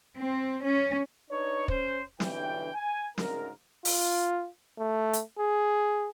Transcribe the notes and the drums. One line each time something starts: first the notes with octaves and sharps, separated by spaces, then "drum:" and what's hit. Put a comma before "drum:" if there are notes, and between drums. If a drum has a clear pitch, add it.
C4
C#4
D4 D#4 B4 C#5
C#4 C5, drum: kick
B1 G2 D3 E3 G5, drum: snare
G#5
D2 G#2 C#3 A#4, drum: snare
F4, drum: open hi-hat
A3
drum: hi-hat
G#4